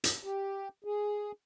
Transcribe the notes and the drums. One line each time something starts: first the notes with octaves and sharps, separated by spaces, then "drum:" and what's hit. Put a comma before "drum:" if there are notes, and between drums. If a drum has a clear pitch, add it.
drum: hi-hat
G4
G#4